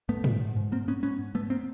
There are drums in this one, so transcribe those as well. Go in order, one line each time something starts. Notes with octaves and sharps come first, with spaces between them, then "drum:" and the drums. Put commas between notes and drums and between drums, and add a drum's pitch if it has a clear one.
G#2 A3 B3
G#2, drum: tom G#2
G#2
G#2
G#2 A#3 C4
G#2 B3 C#4
G#2 B3 C#4
G#2
G#2 A3 B3
A#3 C4